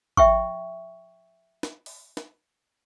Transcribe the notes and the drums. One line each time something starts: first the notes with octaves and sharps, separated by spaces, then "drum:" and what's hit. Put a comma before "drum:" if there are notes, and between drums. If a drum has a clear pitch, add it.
E5 G5 C#6, drum: kick G#1
drum: snare
drum: open hi-hat
drum: snare